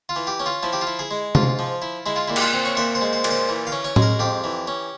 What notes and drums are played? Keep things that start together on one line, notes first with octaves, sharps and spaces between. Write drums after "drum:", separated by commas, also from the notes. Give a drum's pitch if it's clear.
F4
E3
G4
C#4
F4
F3 E4
G4
F4
E4
G#4
G#3
G#2 F4, drum: tom C3
F3
E4
G#3 E4
F4
A#2 E4
G4, drum: cymbal
F4
C4
C#5
A#2 E5
C5
G#3
C5
A#2, drum: cymbal
C5
E3
F5
C#4
C#5
G#3, drum: tom A2
A#4
F2 G4
E3
C#4